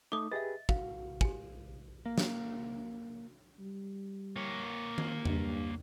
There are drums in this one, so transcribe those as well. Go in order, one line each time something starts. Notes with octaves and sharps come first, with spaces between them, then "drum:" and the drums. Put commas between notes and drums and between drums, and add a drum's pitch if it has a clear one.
A3 D#4 D6 D#6
G4 G#4 B4 D#5 E5 A6
F#4 F5, drum: kick
G4 G#5, drum: kick
A#3
drum: snare
G3
A#3 C#5
drum: tom D#3
G2, drum: tom E2